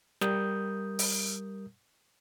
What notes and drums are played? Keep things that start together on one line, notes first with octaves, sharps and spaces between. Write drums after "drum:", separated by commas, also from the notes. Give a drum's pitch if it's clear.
G3 A#4 D#6 G6, drum: snare
drum: open hi-hat